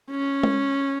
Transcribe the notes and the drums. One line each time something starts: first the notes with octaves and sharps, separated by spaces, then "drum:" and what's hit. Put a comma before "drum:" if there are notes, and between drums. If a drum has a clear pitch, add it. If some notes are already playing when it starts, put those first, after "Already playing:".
C#4
drum: tom G#3